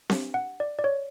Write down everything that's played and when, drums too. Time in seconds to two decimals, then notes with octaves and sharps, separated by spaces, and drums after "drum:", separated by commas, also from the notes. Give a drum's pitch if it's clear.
0.10 D4 G4, drum: snare C4
0.34 F#5
0.60 D5
0.79 D5
0.84 C#5